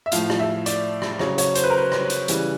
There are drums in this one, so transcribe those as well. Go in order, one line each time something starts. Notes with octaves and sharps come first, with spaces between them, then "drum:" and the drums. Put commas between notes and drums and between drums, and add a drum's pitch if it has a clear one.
E5
A2 F3 F5, drum: hi-hat
drum: rim click
E5
D5, drum: hi-hat
drum: rim click
C#3 F#3 C#5, drum: rim click
C#5, drum: hi-hat
C5, drum: hi-hat
B4
A#4
B4
drum: rim click
drum: hi-hat
C#3 E3 G3, drum: hi-hat